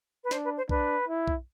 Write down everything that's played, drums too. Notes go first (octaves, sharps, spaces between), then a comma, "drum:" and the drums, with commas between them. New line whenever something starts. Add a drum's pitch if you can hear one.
B4
D4 C5, drum: snare
B4
C5
D4 B4, drum: kick B1
E4
drum: kick B1